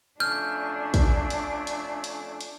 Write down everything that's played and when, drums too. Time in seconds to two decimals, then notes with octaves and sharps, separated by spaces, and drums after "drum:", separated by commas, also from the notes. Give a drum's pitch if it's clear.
0.20 F2 A3 C#4 D4 F6 G6
0.94 drum: kick, hi-hat
1.30 drum: hi-hat
1.67 drum: hi-hat
2.04 drum: hi-hat
2.41 drum: hi-hat